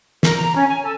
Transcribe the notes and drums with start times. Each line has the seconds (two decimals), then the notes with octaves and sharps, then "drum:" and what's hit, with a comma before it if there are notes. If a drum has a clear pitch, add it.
0.23 A#4, drum: snare
0.37 A#5
0.55 C#4
0.68 G#5
0.83 A4